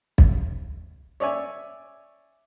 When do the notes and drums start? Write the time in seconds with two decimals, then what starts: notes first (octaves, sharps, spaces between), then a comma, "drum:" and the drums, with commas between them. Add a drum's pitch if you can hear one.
0.18 drum: kick
1.20 C#5 D5 E5 G#5